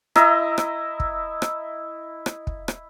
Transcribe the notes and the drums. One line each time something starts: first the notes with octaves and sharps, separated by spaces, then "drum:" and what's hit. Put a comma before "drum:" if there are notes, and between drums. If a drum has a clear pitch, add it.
E4 D#5 E5 A#5, drum: rim click
drum: rim click
drum: kick
drum: rim click
drum: rim click
drum: kick
drum: rim click